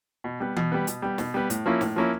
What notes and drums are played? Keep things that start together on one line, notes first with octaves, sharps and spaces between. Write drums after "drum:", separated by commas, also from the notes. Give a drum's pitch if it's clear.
B2
G3 B3
B2, drum: tom E3
G3 B3
B2, drum: hi-hat
G3 B3
B2, drum: snare
G3 B3
A2, drum: hi-hat
F3 A#3 C#4 E4
A2, drum: snare
F3 A#3 C#4 E4